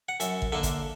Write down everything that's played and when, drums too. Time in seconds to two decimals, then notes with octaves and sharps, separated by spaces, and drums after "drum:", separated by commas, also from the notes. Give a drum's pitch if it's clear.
0.09 F#5
0.20 F#2 E5, drum: hi-hat
0.42 drum: kick
0.52 D3 A#3 E5
0.63 drum: kick, hi-hat